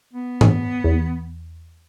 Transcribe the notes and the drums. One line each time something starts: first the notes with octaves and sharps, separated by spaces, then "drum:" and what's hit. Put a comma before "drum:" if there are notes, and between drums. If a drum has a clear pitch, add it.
B3
drum: tom G#2
E2